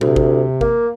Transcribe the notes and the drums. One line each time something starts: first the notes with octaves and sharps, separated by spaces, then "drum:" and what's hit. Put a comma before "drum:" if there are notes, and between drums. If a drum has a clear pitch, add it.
D2 C3, drum: tom A#2
drum: kick G#1
A#3, drum: kick G#1